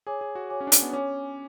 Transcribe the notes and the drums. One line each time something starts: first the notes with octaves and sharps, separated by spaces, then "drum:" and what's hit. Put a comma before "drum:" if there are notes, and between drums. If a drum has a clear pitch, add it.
G#4 C#5 G#5 D6
G#4
F#4
C#5 G#5 D6
C#4
D4
C#4, drum: hi-hat
B3
C#4 C#5 G#5 D6